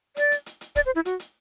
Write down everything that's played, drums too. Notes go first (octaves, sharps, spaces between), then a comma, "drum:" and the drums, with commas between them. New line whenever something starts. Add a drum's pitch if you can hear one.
D5, drum: hi-hat
drum: hi-hat
drum: hi-hat
drum: hi-hat
D5, drum: kick, hi-hat
C5
E4
F#4, drum: hi-hat
drum: hi-hat